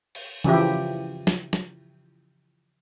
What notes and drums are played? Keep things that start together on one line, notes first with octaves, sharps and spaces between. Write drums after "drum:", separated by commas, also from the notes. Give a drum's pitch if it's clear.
drum: cymbal
C#3 E3 F3 E4 G4, drum: tom E3
drum: snare
drum: snare